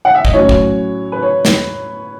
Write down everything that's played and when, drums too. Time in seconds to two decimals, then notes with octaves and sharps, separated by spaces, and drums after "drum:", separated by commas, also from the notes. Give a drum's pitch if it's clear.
0.05 F#5
0.15 E5
0.25 D#5, drum: kick
0.33 A2 F#3 C#4 C#5
0.49 drum: kick
1.12 B4
1.22 C#5
1.45 drum: snare